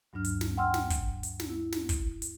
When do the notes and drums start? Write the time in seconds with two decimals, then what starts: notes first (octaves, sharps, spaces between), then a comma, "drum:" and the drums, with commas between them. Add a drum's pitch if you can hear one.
0.13 D2 G2 F#3 D4 F6
0.25 drum: hi-hat
0.41 drum: snare
0.57 F#5 G5 C6 E6 F6
0.74 drum: snare
0.90 drum: kick, hi-hat
1.23 drum: hi-hat
1.40 drum: snare
1.49 E4
1.72 drum: snare
1.89 drum: kick, hi-hat
2.22 drum: hi-hat